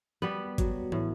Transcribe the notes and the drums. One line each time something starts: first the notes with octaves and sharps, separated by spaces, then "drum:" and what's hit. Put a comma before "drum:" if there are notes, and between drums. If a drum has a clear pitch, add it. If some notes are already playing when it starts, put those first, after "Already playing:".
G3 B3
F#3, drum: kick G#1, hi-hat
A2, drum: tom